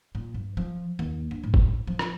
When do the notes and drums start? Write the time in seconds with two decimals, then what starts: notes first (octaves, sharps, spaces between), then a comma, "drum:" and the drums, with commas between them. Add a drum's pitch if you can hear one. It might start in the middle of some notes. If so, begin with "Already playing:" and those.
0.15 A#2
0.34 G2
0.57 F3
0.99 D#2
1.31 D4
1.44 A2
1.54 drum: kick F#1
1.87 F3
1.99 drum: rim click